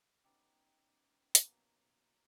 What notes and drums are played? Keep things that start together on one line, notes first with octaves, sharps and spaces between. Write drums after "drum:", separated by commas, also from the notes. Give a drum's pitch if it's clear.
B3 C#4 D#4 G4
B2 F#3 A#3, drum: hi-hat